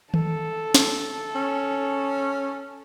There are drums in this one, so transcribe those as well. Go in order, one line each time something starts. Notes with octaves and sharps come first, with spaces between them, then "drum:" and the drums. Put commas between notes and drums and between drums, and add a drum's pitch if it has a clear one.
A4, drum: tom D#3
drum: snare
C#4